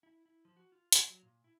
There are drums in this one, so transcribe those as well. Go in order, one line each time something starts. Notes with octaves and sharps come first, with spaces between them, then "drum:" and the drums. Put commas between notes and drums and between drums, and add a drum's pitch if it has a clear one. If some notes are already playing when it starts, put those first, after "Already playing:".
E4
E4
F3
F#4
F4
D5, drum: hi-hat
F#3
A#2
E4